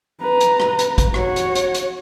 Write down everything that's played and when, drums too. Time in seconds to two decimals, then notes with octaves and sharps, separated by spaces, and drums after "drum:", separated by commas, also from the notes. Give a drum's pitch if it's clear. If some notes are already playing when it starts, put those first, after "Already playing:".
0.21 B4 A#5
0.41 drum: hi-hat
0.60 drum: rim click
0.79 drum: hi-hat
0.98 drum: kick, hi-hat
1.14 F#4 C#5, drum: rim click
1.36 drum: hi-hat
1.55 drum: hi-hat
1.74 drum: hi-hat